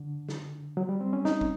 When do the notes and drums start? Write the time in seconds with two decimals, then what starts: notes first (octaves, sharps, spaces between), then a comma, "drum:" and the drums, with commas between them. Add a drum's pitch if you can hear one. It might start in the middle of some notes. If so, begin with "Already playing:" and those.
Already playing: D3
0.29 drum: snare
0.77 F#3
0.89 G3
1.01 C4
1.13 C#4
1.25 D#4, drum: snare
1.41 drum: kick